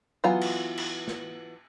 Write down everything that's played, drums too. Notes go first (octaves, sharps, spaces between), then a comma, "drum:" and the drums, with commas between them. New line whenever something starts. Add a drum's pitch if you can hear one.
E3 F#3 B3 F4 A#5
drum: cymbal
drum: cymbal
drum: snare